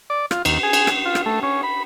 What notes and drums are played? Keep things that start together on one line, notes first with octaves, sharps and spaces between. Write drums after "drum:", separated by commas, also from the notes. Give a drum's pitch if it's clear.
D5
F4, drum: rim click
D#2, drum: cymbal
G#4
drum: cymbal
drum: rim click
F4
drum: rim click
A3
C#4
B5